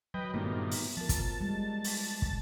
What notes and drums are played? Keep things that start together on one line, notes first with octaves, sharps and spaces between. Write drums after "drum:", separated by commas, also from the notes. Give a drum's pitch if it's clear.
F#3 B4 D#5 G5
G2 A#2 D#3 A3 B3
drum: open hi-hat
F3 A#4 A5
drum: kick, hi-hat
G3 G#3
drum: open hi-hat
drum: kick